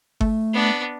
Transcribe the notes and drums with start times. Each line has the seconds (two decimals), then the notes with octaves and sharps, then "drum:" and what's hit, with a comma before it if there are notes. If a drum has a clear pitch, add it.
0.21 A3, drum: kick G1
0.54 B3 D4